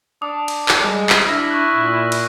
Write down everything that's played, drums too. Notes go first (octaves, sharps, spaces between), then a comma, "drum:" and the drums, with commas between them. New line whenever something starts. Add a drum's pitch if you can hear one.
D4 D#6
drum: cymbal
drum: clap
G3 G#3
drum: clap
D4 E4 E6 F6 A#6
C#6 F#6
A#2
drum: cymbal